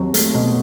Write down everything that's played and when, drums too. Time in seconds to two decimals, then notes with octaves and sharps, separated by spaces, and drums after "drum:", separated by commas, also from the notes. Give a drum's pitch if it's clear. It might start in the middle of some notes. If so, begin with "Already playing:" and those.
Already playing: D#2 F#3 C4
0.14 A3, drum: hi-hat
0.35 B2